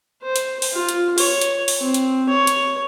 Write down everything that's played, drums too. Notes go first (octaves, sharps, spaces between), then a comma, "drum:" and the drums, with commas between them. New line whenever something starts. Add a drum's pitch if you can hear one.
C5
drum: hi-hat
drum: open hi-hat
F4
drum: hi-hat
C#5, drum: open hi-hat
drum: hi-hat
drum: open hi-hat
C4
drum: hi-hat
C#5
drum: hi-hat